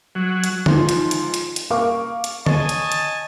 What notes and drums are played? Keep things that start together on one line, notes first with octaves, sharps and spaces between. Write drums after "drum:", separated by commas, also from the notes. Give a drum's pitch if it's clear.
F#3
drum: hi-hat
G#2 F3, drum: tom D3
drum: hi-hat
drum: hi-hat
drum: hi-hat
drum: hi-hat
A#3 F5 C#6 D6
drum: hi-hat
C#5 D#5 G#5 A5, drum: tom D3
drum: hi-hat
drum: hi-hat